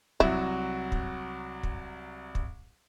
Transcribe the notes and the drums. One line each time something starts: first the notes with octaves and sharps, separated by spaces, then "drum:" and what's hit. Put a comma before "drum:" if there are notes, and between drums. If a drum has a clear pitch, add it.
C2 F#3 E4 F#4, drum: kick
drum: kick
drum: kick
drum: kick